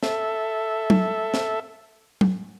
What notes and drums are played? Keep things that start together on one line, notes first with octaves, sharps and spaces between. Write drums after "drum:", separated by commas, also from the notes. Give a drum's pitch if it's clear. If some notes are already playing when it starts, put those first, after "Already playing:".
A4 E5, drum: snare
drum: tom F#3
drum: snare
drum: tom F#3